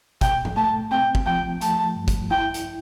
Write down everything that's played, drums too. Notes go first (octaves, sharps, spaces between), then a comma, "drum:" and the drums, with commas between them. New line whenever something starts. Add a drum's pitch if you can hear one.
B2 G5, drum: kick, hi-hat
drum: tom G#2
A3 A5
C4 G5
drum: kick
F3 G5
A3 A5, drum: hi-hat
G2
drum: kick, hi-hat
E4 G5
drum: hi-hat